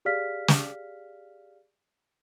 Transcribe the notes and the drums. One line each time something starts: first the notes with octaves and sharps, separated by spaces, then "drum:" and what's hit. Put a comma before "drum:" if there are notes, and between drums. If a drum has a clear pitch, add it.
G4 G#4 D5 F5 F6 B6
drum: snare